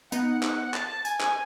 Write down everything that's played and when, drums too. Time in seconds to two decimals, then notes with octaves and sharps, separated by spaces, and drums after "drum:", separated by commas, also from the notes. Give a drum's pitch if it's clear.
0.12 B3 D#4 F#5, drum: tambourine
0.43 F#5, drum: clap
0.74 A5, drum: clap
1.05 G#5, drum: tambourine
1.20 drum: clap